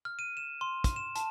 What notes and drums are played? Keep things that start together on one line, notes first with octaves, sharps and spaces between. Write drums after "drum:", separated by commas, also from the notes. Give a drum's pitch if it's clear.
F6
D#7
E7
C6
drum: kick, hi-hat
E7
A5, drum: hi-hat